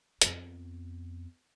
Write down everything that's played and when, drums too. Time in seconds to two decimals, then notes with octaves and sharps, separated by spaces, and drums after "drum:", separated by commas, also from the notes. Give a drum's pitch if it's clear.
0.22 F2 B3, drum: hi-hat